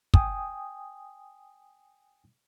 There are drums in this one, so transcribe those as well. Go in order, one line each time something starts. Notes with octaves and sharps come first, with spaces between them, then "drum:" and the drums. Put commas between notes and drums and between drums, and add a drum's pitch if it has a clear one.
G5 G#5 D#6, drum: kick